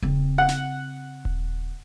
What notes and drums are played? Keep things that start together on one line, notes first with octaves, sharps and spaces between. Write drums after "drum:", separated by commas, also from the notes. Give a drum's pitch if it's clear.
C#3 C4, drum: kick D#1
F#5
drum: snare
drum: kick D#1